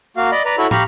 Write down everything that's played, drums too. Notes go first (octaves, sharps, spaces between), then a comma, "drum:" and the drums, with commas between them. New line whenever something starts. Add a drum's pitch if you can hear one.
A#3 F#4 F5
D5 D#5 B5
B4 D5 A#5
E4 F#4 A4 C#5 B5
G4 F5 A#5 B5 C#6, drum: tom